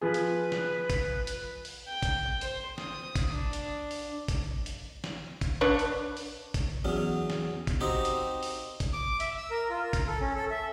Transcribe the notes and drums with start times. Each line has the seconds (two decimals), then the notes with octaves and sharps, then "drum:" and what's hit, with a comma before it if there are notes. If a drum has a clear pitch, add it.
0.02 F3 G#4 B4
0.14 drum: hi-hat
0.52 drum: snare
0.90 drum: kick, hi-hat
1.27 drum: hi-hat
1.65 drum: open hi-hat
1.88 G5
2.03 drum: kick, hi-hat
2.41 C5, drum: hi-hat
2.78 D#6, drum: snare
3.15 drum: kick, hi-hat
3.33 D4
3.53 drum: hi-hat
3.91 drum: open hi-hat
4.28 drum: kick, hi-hat
4.66 drum: hi-hat
5.04 drum: snare
5.41 drum: kick, hi-hat
5.61 D4 B4 C#5
5.79 drum: hi-hat
6.17 drum: open hi-hat
6.54 drum: kick, hi-hat
6.85 E2 F#3 C#4
7.30 drum: snare
7.67 drum: kick, hi-hat
7.81 C4 D#4 F#4 G4
8.05 drum: hi-hat
8.43 drum: open hi-hat
8.80 drum: kick, hi-hat
8.93 D6
9.20 E5, drum: hi-hat
9.37 E6
9.51 A#4
9.70 F4
9.83 A#4
9.93 drum: kick, hi-hat
10.07 A4
10.21 C#4
10.35 A4
10.51 E5